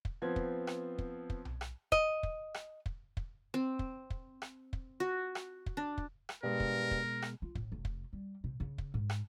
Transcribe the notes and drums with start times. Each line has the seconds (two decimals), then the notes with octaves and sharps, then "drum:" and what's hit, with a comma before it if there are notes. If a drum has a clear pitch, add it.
0.05 drum: kick
0.22 F3 B3 C4 G#6
0.36 drum: kick
0.67 drum: rim click
0.98 drum: kick
1.30 drum: kick
1.45 drum: tom B1
1.61 drum: rim click
1.92 D#5, drum: kick
2.23 drum: kick
2.54 drum: rim click
2.86 drum: kick
3.17 drum: kick
3.54 C4
3.79 drum: kick
4.10 drum: kick
4.42 drum: rim click
4.73 drum: kick
5.00 F#4
5.35 drum: rim click
5.66 drum: kick
5.77 D4
5.98 drum: kick
6.29 drum: rim click
6.44 G2 B2 G#3 A#4
6.60 drum: kick
6.91 drum: kick
7.22 drum: rim click
7.42 F4
7.55 A1, drum: kick
7.72 F1
7.85 drum: kick
8.13 G3
8.44 C3
8.60 C#3
8.78 drum: kick
8.94 G#2
9.10 drum: rim click